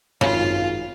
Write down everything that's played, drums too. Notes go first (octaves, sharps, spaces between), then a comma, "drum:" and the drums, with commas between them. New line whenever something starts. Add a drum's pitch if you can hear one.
G#1 C#3 F4, drum: tom